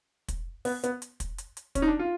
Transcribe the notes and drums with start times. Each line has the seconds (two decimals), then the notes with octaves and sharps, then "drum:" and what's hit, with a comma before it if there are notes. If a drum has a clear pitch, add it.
0.28 drum: kick, hi-hat
0.65 B3, drum: open hi-hat
0.84 B3, drum: hi-hat
1.02 drum: hi-hat
1.20 drum: kick, hi-hat
1.38 drum: hi-hat
1.57 drum: hi-hat
1.75 C#4, drum: kick, hi-hat
1.82 D#4
1.88 D4
1.99 F4